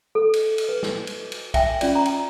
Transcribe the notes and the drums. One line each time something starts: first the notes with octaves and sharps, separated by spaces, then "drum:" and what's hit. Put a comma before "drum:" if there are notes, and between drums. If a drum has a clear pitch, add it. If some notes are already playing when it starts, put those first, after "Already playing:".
A4
drum: cymbal
drum: cymbal
B4
drum: snare
drum: cymbal
drum: cymbal
E5 G5 G#5, drum: kick B1, cymbal
C#4 F4 D5, drum: cymbal
A#5
drum: cymbal